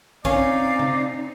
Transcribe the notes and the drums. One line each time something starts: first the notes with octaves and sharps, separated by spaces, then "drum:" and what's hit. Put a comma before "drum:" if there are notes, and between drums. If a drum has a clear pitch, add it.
C3 C#4 D#4 D5 F5, drum: kick A#1
drum: tom C3